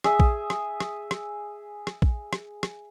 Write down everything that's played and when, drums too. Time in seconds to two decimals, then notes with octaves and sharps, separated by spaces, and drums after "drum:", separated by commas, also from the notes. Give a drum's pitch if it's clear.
0.04 G#4 E5, drum: rim click
0.20 drum: kick
0.50 drum: rim click
0.80 drum: rim click
1.11 drum: rim click
1.87 drum: rim click
2.02 drum: kick
2.33 drum: rim click
2.63 drum: rim click